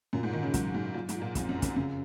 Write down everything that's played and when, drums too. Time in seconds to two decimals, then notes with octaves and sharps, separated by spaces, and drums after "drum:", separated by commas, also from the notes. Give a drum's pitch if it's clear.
0.13 F#2 A#2
0.23 G#2
0.33 D#3 D#4
0.43 C#3
0.54 G#2 F#3, drum: kick, hi-hat
0.74 G#2 F#4
0.94 A#2 F#3
1.09 G#2, drum: hi-hat
1.15 F4
1.22 A#2
1.35 F2 G#2, drum: kick, hi-hat
1.49 F#2
1.56 F3
1.62 F#2, drum: kick, hi-hat
1.76 F#2 C#3